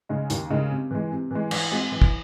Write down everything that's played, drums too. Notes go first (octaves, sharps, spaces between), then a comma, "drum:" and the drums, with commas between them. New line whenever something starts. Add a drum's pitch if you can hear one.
C#3 G#3 D#4
D#2, drum: hi-hat
C#3 G#3 D#4
C3
E3 G#3
C3
E3 G#3
E3, drum: cymbal
G#3 C4 F#4
E3
drum: kick